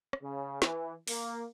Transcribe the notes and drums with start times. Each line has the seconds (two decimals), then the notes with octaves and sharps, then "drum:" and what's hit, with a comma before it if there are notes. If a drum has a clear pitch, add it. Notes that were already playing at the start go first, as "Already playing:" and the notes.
0.13 drum: rim click
0.23 C#3
0.62 E3, drum: snare
1.07 A#3, drum: open hi-hat